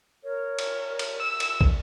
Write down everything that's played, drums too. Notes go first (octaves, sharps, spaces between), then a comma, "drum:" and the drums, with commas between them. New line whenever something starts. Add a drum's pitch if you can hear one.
A#4 C#5
drum: cymbal
drum: cymbal
E6
drum: cymbal
drum: kick